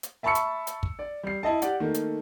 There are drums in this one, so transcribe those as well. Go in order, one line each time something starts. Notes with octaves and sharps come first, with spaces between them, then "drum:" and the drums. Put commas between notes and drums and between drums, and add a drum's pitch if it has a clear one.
drum: hi-hat
E5 A5 B5 C#6 E6 C#7
drum: hi-hat
drum: hi-hat
drum: kick
D5
G3 C7
E4 D#5 A5
G4 D5 F#5, drum: hi-hat
D#3 A3 A#3
drum: hi-hat